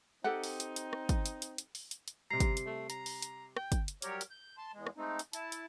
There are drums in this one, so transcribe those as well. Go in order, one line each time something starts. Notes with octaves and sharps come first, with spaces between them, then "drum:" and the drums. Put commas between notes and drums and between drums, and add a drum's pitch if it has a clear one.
C4 D#4 G4 A4 F#5
drum: open hi-hat
drum: hi-hat
drum: hi-hat
drum: rim click
drum: kick, hi-hat
drum: hi-hat
drum: hi-hat
drum: hi-hat
drum: open hi-hat
drum: hi-hat
drum: hi-hat
C3 G3 A#5 C7
drum: kick, hi-hat
drum: hi-hat
A3
A#5, drum: hi-hat
drum: open hi-hat
drum: hi-hat
G5, drum: rim click
drum: kick, hi-hat
drum: hi-hat
F#3 G3 G4 A#4 C#5, drum: hi-hat
drum: hi-hat
G6
A5 C6
E2 G#3
drum: rim click
G#3 A3 C4 D#4
drum: hi-hat
E4 A5, drum: hi-hat
drum: hi-hat